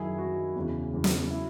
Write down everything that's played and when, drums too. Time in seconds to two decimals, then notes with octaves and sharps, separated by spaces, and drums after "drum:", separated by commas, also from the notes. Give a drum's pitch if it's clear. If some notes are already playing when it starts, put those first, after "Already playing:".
Already playing: F#2 D#3 F#3 E4 G#4
0.18 F#2 D#3 F#3 F#4
0.55 E2 C#3 E3
0.94 E2 C#3 E3
1.04 drum: snare
1.30 F#3 E4